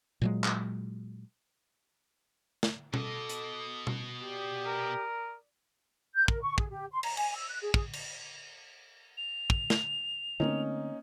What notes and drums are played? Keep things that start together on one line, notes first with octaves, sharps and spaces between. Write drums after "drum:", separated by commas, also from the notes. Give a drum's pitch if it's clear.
A#2 F#3 G#3
drum: clap
drum: snare
B2 A4 D#5 D6, drum: tom B2
drum: hi-hat
drum: tom B2
G4 D5 D#6
A#4
G6
A#4, drum: kick
C#6
G#4, drum: kick
G4
C6
A#5, drum: cymbal
G#5, drum: cymbal
E6
F#6
G#4
G#4, drum: kick
drum: cymbal
F7
drum: kick
drum: snare
D3 A3 A#3 C4 C#4 D#4